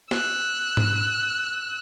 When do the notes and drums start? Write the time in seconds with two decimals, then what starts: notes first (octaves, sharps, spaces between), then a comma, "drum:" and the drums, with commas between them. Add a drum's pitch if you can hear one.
0.11 E6 F#6, drum: snare
0.77 drum: tom G#2